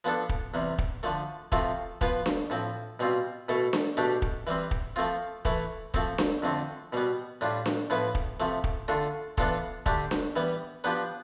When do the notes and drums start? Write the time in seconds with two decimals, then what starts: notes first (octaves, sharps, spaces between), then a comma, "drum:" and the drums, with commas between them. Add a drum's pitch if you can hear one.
0.04 F3 B3 D4 A4
0.29 drum: kick
0.54 E2 C3 G3
0.78 drum: kick
1.03 D3 F3 A3
1.52 C3 F3 A3 C4 F4, drum: kick
2.01 F3 B3 F4 B4, drum: kick
2.26 drum: snare D4
2.50 A2 F3 C4
2.99 B2 G3 C4 F4
3.49 B2 A3 E4 A4
3.73 drum: snare D4
3.97 B2 A3 D4 G4
4.22 drum: kick
4.47 E3 G3 C4
4.71 drum: kick
4.96 F3 A3 C4 F4
5.45 E3 A3 E4, drum: kick
5.94 F3 A3 C4, drum: kick
6.18 drum: snare D4
6.42 F2 D3 A3 C4
6.93 B2 G3 B3
7.41 A2 G3 D4 F4
7.66 drum: snare D4
7.90 A2 F3 B3 E4 B4
8.15 drum: kick
8.40 C3 F3 A3
8.64 drum: kick
8.88 D3 A3 D4 F4 A4
9.38 E3 B3 D4 F4 A4, drum: kick
9.86 D3 A3 D4 G4, drum: kick
10.11 drum: snare D4
10.36 E3 G3 B3
10.84 F3 B3 D4 G4 B4